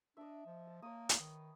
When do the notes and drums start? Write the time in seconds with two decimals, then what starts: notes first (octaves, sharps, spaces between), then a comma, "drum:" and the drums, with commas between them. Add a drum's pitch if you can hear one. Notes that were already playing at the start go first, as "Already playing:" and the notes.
0.17 D4 D#5 E5
0.47 F3
0.67 A5
0.82 A#3 C#5 D#6
1.09 drum: hi-hat
1.20 D#3 B4